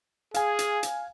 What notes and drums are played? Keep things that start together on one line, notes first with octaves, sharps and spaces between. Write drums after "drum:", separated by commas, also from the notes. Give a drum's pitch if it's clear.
G#4 F5 G#5, drum: hi-hat
drum: hi-hat
drum: hi-hat